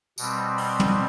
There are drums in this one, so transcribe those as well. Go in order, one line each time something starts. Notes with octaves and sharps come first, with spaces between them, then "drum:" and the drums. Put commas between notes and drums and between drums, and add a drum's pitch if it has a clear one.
B2 G3 C4, drum: tambourine
drum: open hi-hat
drum: tom